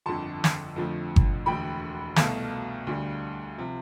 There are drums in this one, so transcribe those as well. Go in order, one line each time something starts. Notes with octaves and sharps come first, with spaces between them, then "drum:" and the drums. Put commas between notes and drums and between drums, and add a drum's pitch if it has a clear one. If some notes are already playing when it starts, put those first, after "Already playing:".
G1 F2 D3 A5 C6
drum: snare
F2 D3 F3 A3
drum: kick G1
E1 D2 D3 G5 B5
C2 B2 A3 F5 A5, drum: snare
D2 D3 G3
C3 F3